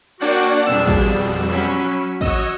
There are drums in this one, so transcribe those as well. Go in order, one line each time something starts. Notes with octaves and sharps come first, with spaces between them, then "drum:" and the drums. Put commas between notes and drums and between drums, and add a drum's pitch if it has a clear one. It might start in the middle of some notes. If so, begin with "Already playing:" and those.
A#3 D4 F#4 C#5 D5 F#5 G5
F2 B2 G3 D4 G#4 E6
drum: kick
F#3 C#4 B5
F#4 C#5 D#5 E6 E7, drum: kick